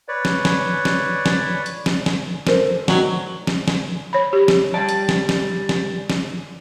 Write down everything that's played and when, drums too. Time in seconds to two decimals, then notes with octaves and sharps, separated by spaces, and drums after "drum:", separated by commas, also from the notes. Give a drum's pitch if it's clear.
0.08 B4 C#5 D5
0.25 drum: snare
0.45 drum: snare
0.85 drum: snare
1.26 drum: snare
1.66 drum: hi-hat
1.86 drum: snare
2.06 drum: snare
2.47 A4 A#4 C5, drum: snare
2.88 D2 D#3 F#3, drum: snare
3.47 drum: snare
3.68 drum: snare
4.13 C#5 B5
4.33 G4
4.48 drum: snare
4.74 G3 D5 A5
4.89 drum: hi-hat
5.09 drum: snare
5.29 drum: snare
5.69 drum: snare
6.10 drum: snare